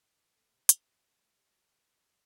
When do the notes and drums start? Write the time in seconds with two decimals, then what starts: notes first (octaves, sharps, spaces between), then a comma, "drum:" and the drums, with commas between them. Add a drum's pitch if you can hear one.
0.17 E3
0.36 A3
0.53 C3
0.69 F5, drum: hi-hat
0.88 F#4
1.07 A3
1.37 G3
1.52 F#4
1.70 D3
2.09 F2